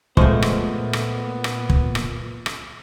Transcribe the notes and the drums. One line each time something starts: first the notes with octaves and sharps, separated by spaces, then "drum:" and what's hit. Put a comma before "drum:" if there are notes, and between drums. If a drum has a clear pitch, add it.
A#2 F3 G#3 A3 B3 G#4 C5 C#6, drum: kick
drum: rim click
drum: rim click
drum: rim click
drum: kick
drum: rim click
drum: rim click